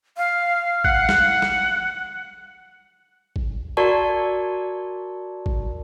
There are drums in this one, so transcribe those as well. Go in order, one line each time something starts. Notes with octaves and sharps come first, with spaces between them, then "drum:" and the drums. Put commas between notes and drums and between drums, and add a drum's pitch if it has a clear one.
F5
F#5, drum: kick G#1
drum: snare
drum: snare
drum: kick G#1
F#4 A#4 D5 A5 C#6
drum: kick G#1